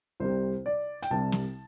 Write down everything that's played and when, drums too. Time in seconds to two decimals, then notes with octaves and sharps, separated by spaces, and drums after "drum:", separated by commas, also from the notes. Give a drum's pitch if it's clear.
0.20 C2 C3 G3 C5
0.66 D5
1.02 G5, drum: hi-hat
1.11 C2 C3 G3 A5
1.32 drum: snare